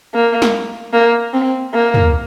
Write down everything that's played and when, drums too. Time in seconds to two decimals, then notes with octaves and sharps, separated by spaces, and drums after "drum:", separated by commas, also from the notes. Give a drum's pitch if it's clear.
0.14 A#3
0.42 drum: snare
0.93 A#3
1.34 C4
1.74 A#3
1.94 drum: tom